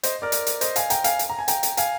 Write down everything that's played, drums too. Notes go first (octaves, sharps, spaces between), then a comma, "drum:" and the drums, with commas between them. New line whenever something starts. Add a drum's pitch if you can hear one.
C5 D#5, drum: hi-hat
A#4 D5
drum: hi-hat
drum: hi-hat
C5 D#5, drum: hi-hat
F5 G#5, drum: hi-hat
G5 A#5, drum: hi-hat
F5 G#5, drum: hi-hat
drum: hi-hat
A#5
G#5
G5 A#5, drum: hi-hat
drum: hi-hat
F5 G#5, drum: hi-hat